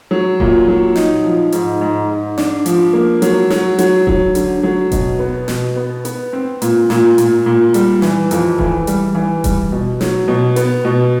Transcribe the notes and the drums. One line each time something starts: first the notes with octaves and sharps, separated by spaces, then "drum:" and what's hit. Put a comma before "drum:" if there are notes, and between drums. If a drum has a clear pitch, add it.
F#3
A#2, drum: kick D#1
F#3
D#4, drum: snare
F3
G#2, drum: hi-hat
G#2
G#2
D4, drum: snare
F3, drum: hi-hat
A#3
F#3, drum: hi-hat
F#3, drum: snare
F#3, drum: hi-hat
F#3, drum: kick D#1
D3, drum: hi-hat
F#3
B2, drum: kick D#1, hi-hat
B3
B2, drum: snare
B3
B3, drum: hi-hat
C4
A#2, drum: hi-hat
A#2, drum: snare
A#2, drum: hi-hat
A#2
G3, drum: hi-hat
E3, drum: snare
F2, drum: hi-hat
E3, drum: kick D#1
G3, drum: hi-hat
E3
G3, drum: kick D#1, hi-hat
B2
F#3, drum: snare
B2
B3, drum: hi-hat
B2